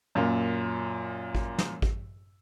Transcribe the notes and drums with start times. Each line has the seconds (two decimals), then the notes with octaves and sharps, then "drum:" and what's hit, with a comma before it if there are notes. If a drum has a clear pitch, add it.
0.15 F#2 A#2
1.35 drum: kick G#1
1.58 drum: snare
1.82 drum: kick G#1